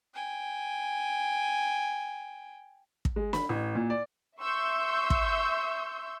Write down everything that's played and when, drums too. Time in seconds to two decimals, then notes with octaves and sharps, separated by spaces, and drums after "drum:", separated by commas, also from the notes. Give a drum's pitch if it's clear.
0.15 G5 G#5
3.05 drum: kick
3.16 G#3
3.33 B5, drum: snare
3.49 A1
3.75 A#2
3.90 D5
4.39 E5 C6 C#6 E6 G6
5.10 drum: kick